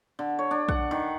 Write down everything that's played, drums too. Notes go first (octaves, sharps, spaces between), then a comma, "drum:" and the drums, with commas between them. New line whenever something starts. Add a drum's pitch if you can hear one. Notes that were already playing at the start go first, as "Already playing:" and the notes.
D3
C#5
D4
F#5, drum: kick A#1
D#3